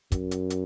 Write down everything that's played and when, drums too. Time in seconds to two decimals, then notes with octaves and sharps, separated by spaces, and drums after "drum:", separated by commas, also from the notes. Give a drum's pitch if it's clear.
0.12 F#2, drum: kick, hi-hat
0.31 drum: hi-hat
0.50 drum: hi-hat